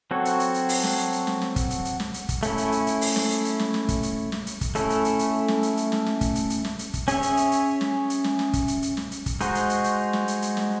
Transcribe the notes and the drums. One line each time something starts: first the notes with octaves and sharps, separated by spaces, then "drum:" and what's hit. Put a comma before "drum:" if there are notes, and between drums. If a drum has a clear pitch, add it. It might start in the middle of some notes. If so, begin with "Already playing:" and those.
F#3 C4 F#4 A4 C#5
drum: hi-hat
drum: hi-hat
drum: hi-hat
drum: open hi-hat
drum: snare
drum: hi-hat
drum: hi-hat
drum: snare
drum: snare
drum: kick, hi-hat
drum: hi-hat
drum: hi-hat
drum: snare
drum: hi-hat
drum: kick, hi-hat
A3 C#4 E4, drum: hi-hat
drum: hi-hat
drum: hi-hat
drum: hi-hat
drum: open hi-hat
drum: snare
drum: hi-hat
drum: hi-hat
drum: snare
drum: snare
drum: kick, hi-hat
drum: hi-hat
drum: snare
drum: hi-hat
drum: kick, hi-hat
A3 C#4 E4 A4, drum: hi-hat
drum: hi-hat
drum: hi-hat
drum: hi-hat
drum: snare
drum: hi-hat
drum: hi-hat
drum: snare
drum: snare
drum: kick, hi-hat
drum: hi-hat
drum: hi-hat
drum: snare
drum: hi-hat
drum: kick, hi-hat
C#4 G#4 C#5 E5, drum: hi-hat
drum: hi-hat
drum: hi-hat
drum: hi-hat
drum: snare
drum: hi-hat
drum: snare
drum: snare
drum: kick, hi-hat
drum: hi-hat
drum: hi-hat
drum: snare
drum: hi-hat
drum: kick, hi-hat
G#3 D#4 F#4 C5, drum: hi-hat
drum: hi-hat
drum: hi-hat
drum: hi-hat
drum: snare
drum: hi-hat
drum: hi-hat
drum: snare